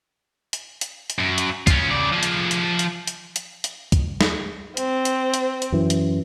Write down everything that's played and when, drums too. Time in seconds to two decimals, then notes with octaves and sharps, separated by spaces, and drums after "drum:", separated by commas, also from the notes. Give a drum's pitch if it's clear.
0.53 drum: hi-hat
0.81 drum: hi-hat
1.10 drum: hi-hat
1.19 F#2
1.38 drum: hi-hat
1.67 C#4 F4, drum: kick, hi-hat
1.91 C#3 D5
2.13 F3 G#4
2.23 drum: hi-hat
2.51 drum: hi-hat
2.79 drum: hi-hat
3.07 drum: hi-hat
3.36 drum: hi-hat
3.64 drum: hi-hat
3.92 drum: kick, hi-hat
4.21 drum: snare
4.77 C4, drum: hi-hat
5.05 drum: hi-hat
5.34 drum: hi-hat
5.62 drum: hi-hat
5.72 F#2 E3
5.90 drum: hi-hat